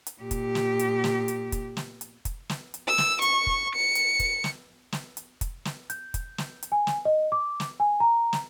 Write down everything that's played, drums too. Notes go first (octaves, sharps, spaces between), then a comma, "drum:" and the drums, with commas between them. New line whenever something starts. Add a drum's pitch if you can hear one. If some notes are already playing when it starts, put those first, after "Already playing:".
drum: hi-hat
A#2 G4
drum: kick, hi-hat
drum: snare
drum: hi-hat
drum: snare
drum: hi-hat
drum: kick, hi-hat
drum: snare
drum: hi-hat
drum: kick, hi-hat
drum: snare
drum: hi-hat
E6
drum: snare
C#6, drum: hi-hat
drum: kick
C#7
drum: hi-hat
drum: kick, hi-hat
drum: snare
drum: snare
drum: hi-hat
drum: kick, hi-hat
drum: snare
G6, drum: hi-hat
drum: kick, hi-hat
drum: snare
drum: hi-hat
G#5
drum: snare
D#5
D6
drum: snare
G#5
A#5
drum: snare